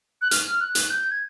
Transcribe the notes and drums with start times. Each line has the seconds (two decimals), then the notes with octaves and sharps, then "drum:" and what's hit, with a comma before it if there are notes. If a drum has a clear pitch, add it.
0.22 F#6
0.31 F6, drum: hi-hat
0.61 F#6
0.75 drum: hi-hat
0.90 G6
1.11 G#6